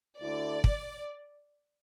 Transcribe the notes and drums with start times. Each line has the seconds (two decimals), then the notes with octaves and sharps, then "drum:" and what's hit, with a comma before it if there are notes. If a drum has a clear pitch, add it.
0.20 D2 D3 A3 E4 D5
0.64 drum: kick